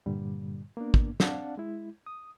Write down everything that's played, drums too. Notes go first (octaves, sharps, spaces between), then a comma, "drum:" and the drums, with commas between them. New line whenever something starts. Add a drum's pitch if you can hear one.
G2 A#2 D3 G3
A#3 B3 D4
drum: kick
C4 D4 D5 F5 F#5 A5, drum: snare
G#3 E4
D#6